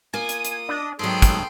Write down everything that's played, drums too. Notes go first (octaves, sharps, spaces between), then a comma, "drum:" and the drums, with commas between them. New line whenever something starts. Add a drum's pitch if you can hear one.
A#3 F4 G#5 D#6
drum: hi-hat
drum: hi-hat
D4 D#5
G#2 F#3 B3 G#4 A4 G5 C6 D7
drum: kick, hi-hat